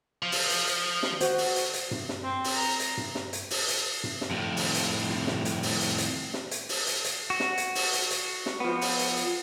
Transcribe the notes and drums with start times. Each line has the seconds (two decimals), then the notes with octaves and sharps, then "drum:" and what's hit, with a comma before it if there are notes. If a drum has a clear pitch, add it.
0.23 F3
0.32 drum: open hi-hat
0.50 drum: hi-hat
0.67 drum: hi-hat
1.03 drum: snare
1.20 F#4 C5, drum: hi-hat
1.38 drum: open hi-hat
1.56 drum: hi-hat
1.74 drum: hi-hat
1.91 drum: tom G2
2.09 drum: snare
2.23 C4
2.44 drum: open hi-hat
2.55 A#5
2.80 drum: hi-hat
2.97 drum: tom G2
3.15 drum: snare
3.33 drum: hi-hat
3.51 drum: open hi-hat
3.68 drum: hi-hat
4.04 drum: tom G2
4.21 drum: snare
4.31 F2 A2
4.57 drum: open hi-hat
4.74 drum: hi-hat
5.10 drum: tom G2
5.27 drum: snare
5.45 drum: hi-hat
5.63 drum: open hi-hat
5.81 drum: hi-hat
5.98 drum: hi-hat
6.34 drum: snare
6.51 drum: hi-hat
6.69 drum: open hi-hat
6.87 drum: hi-hat
7.04 drum: hi-hat
7.30 F#4
7.40 drum: snare
7.58 drum: hi-hat
7.75 drum: open hi-hat
7.93 drum: hi-hat
8.11 drum: hi-hat
8.46 drum: snare
8.60 F3 B3
8.81 drum: open hi-hat
8.99 drum: hi-hat
9.17 drum: hi-hat